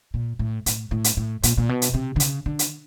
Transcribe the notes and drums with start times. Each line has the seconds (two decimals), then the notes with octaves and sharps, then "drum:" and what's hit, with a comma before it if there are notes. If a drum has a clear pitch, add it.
0.14 A#2
0.39 A2
0.66 A2, drum: hi-hat
0.91 A2
1.04 drum: hi-hat
1.17 A2
1.43 A#2, drum: hi-hat
1.58 A#2
1.69 B2
1.82 drum: hi-hat
1.94 C3
2.16 D3
2.20 C#3, drum: hi-hat
2.46 D3
2.59 drum: hi-hat